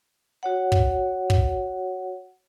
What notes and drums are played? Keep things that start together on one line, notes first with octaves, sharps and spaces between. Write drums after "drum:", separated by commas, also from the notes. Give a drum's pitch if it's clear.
F#4 C#5 F#5
drum: kick
drum: kick